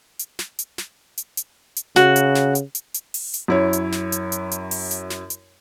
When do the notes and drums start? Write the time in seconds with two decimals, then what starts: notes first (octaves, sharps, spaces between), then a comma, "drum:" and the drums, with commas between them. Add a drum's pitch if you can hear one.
0.19 drum: hi-hat
0.39 drum: snare
0.59 drum: hi-hat
0.78 drum: snare
1.18 drum: hi-hat
1.37 drum: hi-hat
1.76 drum: hi-hat
1.96 C#3 F#4, drum: snare
2.16 drum: hi-hat
2.35 drum: snare
2.55 drum: hi-hat
2.75 drum: hi-hat
2.94 drum: hi-hat
3.14 drum: open hi-hat
3.34 drum: hi-hat
3.48 F#2 E4 C#5
3.73 drum: hi-hat
3.93 drum: snare
4.12 drum: hi-hat
4.32 drum: hi-hat
4.51 drum: hi-hat
4.71 drum: open hi-hat
4.91 drum: hi-hat
5.10 drum: snare
5.30 drum: hi-hat